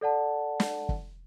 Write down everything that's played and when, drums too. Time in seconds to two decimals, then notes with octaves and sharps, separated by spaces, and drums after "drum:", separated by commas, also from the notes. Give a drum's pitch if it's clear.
0.01 A4 D5 F#5 A5
0.60 drum: snare
0.89 drum: kick